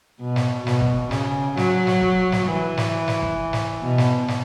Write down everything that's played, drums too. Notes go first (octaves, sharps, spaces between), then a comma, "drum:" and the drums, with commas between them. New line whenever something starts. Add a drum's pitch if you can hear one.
B2
drum: snare
B2, drum: snare
drum: kick
C#3, drum: snare
F#3, drum: snare
drum: snare
drum: kick
drum: snare
E3
drum: snare
drum: snare
drum: kick
drum: snare
B2
drum: snare
drum: snare